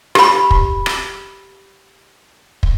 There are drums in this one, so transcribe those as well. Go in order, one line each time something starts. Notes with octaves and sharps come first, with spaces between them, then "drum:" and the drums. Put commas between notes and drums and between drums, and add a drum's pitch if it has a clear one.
G4 B5, drum: rim click
drum: kick
drum: rim click
drum: kick